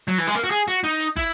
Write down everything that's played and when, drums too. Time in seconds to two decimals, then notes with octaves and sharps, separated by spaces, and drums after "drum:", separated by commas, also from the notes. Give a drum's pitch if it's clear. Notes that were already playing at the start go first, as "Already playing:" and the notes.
0.08 F#3
0.18 E3, drum: hi-hat
0.27 G#3
0.35 A#3, drum: hi-hat
0.44 F#4
0.51 G#4, drum: hi-hat
0.68 F#4, drum: hi-hat
0.84 D#4
1.00 drum: hi-hat
1.16 E4, drum: kick